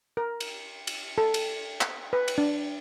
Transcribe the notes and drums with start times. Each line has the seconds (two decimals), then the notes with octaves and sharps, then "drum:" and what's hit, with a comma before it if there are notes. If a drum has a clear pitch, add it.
0.17 A#4
0.41 drum: cymbal
0.87 drum: cymbal
1.18 A4
1.34 drum: cymbal
1.81 drum: clap
2.13 B4
2.28 drum: cymbal
2.38 D4